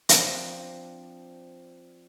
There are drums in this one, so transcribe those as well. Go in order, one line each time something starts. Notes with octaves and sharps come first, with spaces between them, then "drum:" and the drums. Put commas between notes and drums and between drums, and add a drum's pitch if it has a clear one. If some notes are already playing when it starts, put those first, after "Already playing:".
F3 C4 D4, drum: hi-hat